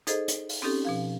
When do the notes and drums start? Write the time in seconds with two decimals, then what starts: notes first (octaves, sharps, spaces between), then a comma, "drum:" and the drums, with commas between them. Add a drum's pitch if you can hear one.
0.07 D#4 G#4 A4 C5 D#5, drum: hi-hat
0.28 drum: hi-hat
0.49 drum: open hi-hat
0.62 C4 C#4 D#4 G4 A4
0.85 B2 F3 F5